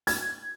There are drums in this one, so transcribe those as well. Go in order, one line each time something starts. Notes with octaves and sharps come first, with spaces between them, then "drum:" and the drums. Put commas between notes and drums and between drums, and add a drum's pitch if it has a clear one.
G#6, drum: hi-hat